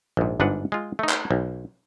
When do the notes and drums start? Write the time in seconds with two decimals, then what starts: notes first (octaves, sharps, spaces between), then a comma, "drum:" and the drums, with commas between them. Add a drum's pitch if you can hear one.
0.17 A#1 G#2
0.40 G1 G#2 D4 B4 F#5
0.72 G#3 F4
0.99 A3 D#4
1.09 drum: clap
1.31 B1